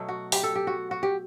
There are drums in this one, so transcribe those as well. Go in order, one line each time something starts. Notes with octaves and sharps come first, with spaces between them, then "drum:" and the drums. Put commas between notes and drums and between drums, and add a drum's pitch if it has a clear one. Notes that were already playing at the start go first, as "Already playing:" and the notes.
Already playing: B2 F#3 A3
F#4
G4, drum: open hi-hat
A4
G4
F#4
F#4
G4